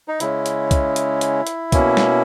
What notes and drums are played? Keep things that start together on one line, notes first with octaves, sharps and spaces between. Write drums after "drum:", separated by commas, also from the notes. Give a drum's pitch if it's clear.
D#4
C#3 G#3 C#4 E4, drum: hi-hat
drum: hi-hat
drum: kick, hi-hat
drum: hi-hat
drum: hi-hat
drum: hi-hat
B2 A#3 C#4, drum: kick, hi-hat
drum: snare